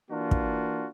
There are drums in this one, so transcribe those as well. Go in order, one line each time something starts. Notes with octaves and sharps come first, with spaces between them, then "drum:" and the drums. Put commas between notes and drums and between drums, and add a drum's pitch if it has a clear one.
E3 A#3 D4 F4 F#4
drum: kick